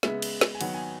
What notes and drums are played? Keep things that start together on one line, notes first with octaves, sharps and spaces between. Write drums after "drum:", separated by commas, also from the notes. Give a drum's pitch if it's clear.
C#3 G#3 B3 E5, drum: snare
drum: cymbal
drum: snare
G#5
D#3 F#3 B3 F#5, drum: cymbal
G#5